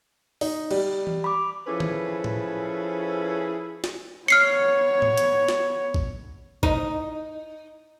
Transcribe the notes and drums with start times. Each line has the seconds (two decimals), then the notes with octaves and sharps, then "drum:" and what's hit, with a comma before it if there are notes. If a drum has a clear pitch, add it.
0.41 D#4, drum: open hi-hat
0.71 G3, drum: cymbal
1.07 drum: tom E3
1.24 B5 D6
1.67 F3 C#4 E4 G#4 A4 B4
1.80 drum: tom D#3
2.24 drum: tom A2
3.84 drum: snare
4.28 B3 C#5 F6 C7 C#7
5.02 drum: tom A2
5.17 drum: hi-hat
5.49 drum: snare
5.94 drum: kick A1
6.63 D#4, drum: kick A1